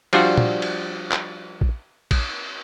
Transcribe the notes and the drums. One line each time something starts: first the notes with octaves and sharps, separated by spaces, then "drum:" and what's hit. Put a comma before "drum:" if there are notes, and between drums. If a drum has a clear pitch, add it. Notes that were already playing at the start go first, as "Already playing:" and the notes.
F3 G3 D4 F4 F#4, drum: cymbal
drum: tom
drum: cymbal
drum: clap
drum: kick A#1
drum: kick A#1, cymbal